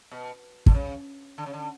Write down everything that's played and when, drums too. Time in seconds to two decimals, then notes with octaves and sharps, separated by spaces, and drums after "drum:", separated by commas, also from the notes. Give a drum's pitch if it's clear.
0.11 B2
0.66 D3, drum: kick
0.74 C#3
1.38 D3
1.46 C#3
1.53 D3